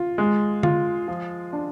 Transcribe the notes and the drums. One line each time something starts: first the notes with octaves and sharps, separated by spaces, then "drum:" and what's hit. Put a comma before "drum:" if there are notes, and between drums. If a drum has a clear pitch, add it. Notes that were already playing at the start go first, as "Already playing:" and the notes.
Already playing: F4
G#3
F4, drum: tom D3
F3
D4